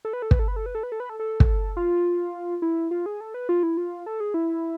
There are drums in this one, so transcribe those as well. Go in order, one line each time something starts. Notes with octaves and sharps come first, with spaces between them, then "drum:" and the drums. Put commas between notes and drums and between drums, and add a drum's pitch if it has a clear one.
A4
B4
A4
B4, drum: kick
A4
B4
A4
B4
A4
B4
A4
B4
A4
A4
drum: kick
F4
E4
F4
G#4
A4
B4
F4
E4
F4
A4
G#4
E4